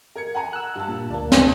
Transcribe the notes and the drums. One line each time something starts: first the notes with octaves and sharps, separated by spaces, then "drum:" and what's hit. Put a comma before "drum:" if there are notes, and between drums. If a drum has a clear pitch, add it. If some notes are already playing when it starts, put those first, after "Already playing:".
A#4 G#6 C#7
F#5 G#5 A#5
E6 F#6
G2 A5
A#2
D2 A#3 D5 A5
drum: snare